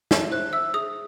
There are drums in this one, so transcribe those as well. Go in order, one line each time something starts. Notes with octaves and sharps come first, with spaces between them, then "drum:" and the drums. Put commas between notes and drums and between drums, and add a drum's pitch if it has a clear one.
E5, drum: snare
C5 F#6
E5 E6
G#4 D#6